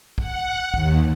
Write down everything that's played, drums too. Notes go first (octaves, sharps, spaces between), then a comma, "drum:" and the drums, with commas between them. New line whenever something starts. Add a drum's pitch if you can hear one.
F#5, drum: kick
D#2, drum: kick